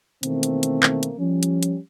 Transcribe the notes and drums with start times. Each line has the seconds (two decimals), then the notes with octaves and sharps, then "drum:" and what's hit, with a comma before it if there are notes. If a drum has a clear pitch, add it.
0.23 B2 D#3 E3 A3 A#3 C4, drum: hi-hat
0.43 drum: hi-hat
0.63 drum: hi-hat
0.83 drum: clap
1.03 drum: hi-hat
1.19 F3 G3 C#4
1.43 drum: hi-hat
1.63 drum: hi-hat